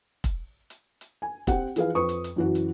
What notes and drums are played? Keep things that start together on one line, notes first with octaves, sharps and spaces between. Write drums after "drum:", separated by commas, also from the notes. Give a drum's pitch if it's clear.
drum: kick, hi-hat
drum: hi-hat
drum: hi-hat
G#5
C4 G4 F#5 G5, drum: kick, hi-hat
E3 F3 G#4 B4 F5, drum: hi-hat
F2 B4 C#6 D#6
drum: hi-hat
drum: hi-hat
F#2 E3 F#4
drum: hi-hat